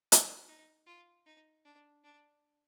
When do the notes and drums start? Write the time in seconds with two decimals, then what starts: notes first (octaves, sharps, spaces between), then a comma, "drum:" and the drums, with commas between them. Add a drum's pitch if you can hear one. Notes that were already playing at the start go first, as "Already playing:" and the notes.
0.12 drum: hi-hat
0.48 D#4
0.86 F4
1.26 D#4
1.65 D4
2.04 D4